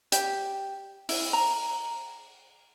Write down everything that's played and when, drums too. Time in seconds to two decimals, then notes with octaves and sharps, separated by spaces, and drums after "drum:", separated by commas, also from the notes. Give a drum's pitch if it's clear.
0.12 G4, drum: hi-hat
1.09 E4, drum: open hi-hat
1.33 A#5